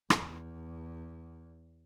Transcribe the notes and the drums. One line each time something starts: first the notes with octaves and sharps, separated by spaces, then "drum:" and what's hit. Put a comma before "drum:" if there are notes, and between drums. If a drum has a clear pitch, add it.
E2, drum: rim click